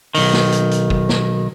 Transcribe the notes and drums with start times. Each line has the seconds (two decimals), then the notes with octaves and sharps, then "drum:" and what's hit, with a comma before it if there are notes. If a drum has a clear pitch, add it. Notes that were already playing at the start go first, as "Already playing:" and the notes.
0.15 B1 D#3, drum: open hi-hat
0.33 drum: snare
0.52 drum: hi-hat
0.71 drum: hi-hat
0.90 drum: kick
1.09 drum: snare